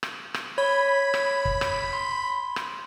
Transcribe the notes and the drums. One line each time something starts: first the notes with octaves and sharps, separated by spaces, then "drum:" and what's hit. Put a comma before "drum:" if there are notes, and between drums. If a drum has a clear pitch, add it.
drum: rim click
drum: rim click
C#5 B5
drum: rim click
drum: kick
drum: rim click
C6
drum: rim click